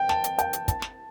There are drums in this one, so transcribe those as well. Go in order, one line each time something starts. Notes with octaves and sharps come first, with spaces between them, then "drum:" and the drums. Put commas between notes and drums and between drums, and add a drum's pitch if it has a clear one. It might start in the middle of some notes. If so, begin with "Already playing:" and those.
Already playing: G5
A5, drum: snare
drum: hi-hat
G5, drum: hi-hat
drum: hi-hat
A5, drum: kick, hi-hat
drum: snare